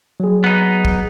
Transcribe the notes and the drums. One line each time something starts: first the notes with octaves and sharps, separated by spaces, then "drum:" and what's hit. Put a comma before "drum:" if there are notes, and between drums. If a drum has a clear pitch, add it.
F#3 G#4
B3 D#4
drum: kick